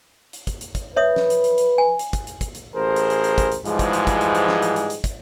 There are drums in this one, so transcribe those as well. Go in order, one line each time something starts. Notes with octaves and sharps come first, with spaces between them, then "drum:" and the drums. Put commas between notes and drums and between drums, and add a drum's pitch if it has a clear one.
drum: hi-hat
drum: kick, hi-hat
drum: hi-hat
drum: kick, hi-hat
B4 C#5 E5 D#6
drum: snare
drum: hi-hat
drum: hi-hat
drum: hi-hat
G#5
drum: hi-hat
drum: kick, hi-hat
drum: hi-hat
drum: kick, hi-hat
drum: hi-hat
A1 G#4 A#4 C5
drum: hi-hat
drum: hi-hat
drum: hi-hat
drum: kick, hi-hat
drum: hi-hat
G#2 E3 F3 G3 G#3, drum: hi-hat
drum: kick, hi-hat
drum: hi-hat
drum: kick, hi-hat
drum: hi-hat
drum: hi-hat
drum: snare
drum: hi-hat
drum: hi-hat
drum: hi-hat
drum: kick, hi-hat